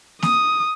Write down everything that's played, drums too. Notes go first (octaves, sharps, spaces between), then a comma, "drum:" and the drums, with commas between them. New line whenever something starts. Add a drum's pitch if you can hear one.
D#6, drum: snare A#3